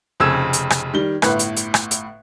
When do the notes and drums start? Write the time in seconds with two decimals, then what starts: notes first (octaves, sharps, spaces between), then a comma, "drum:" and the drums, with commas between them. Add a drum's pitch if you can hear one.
0.20 F1 F2 C#3 E6 G#6 E7
0.53 drum: hi-hat
0.70 drum: rim click
0.94 D#3 G3 G7
1.22 G1 A2 B4 F#6, drum: rim click
1.39 drum: hi-hat
1.57 drum: hi-hat
1.74 drum: rim click
1.91 drum: hi-hat